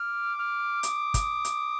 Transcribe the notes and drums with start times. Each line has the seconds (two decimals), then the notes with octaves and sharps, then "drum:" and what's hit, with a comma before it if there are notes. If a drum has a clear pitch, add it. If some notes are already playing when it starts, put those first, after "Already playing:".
Already playing: D6 F6
0.38 F6
0.83 D#6, drum: hi-hat
1.14 drum: kick, hi-hat
1.45 drum: hi-hat